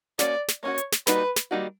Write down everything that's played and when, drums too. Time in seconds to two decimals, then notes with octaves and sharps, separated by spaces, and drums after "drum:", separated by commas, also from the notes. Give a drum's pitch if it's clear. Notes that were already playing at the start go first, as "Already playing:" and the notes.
0.19 A#3 C#4 F#4 D5, drum: snare
0.48 drum: snare
0.63 A#3 C#4 F#4 C#5
0.78 drum: hi-hat
0.92 drum: snare
1.07 D#3 G3 A#3 D#4 F#4 B4, drum: snare
1.36 drum: snare
1.51 D#3 G3 A#3 D#4 F#4